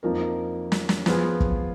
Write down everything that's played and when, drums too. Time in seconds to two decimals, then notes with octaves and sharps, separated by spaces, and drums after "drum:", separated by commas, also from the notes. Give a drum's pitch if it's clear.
0.03 F2 F3 A#3 D#4 A#4
0.72 drum: snare
0.89 drum: snare
1.06 F3 B3 F4 G#4, drum: snare
1.40 drum: kick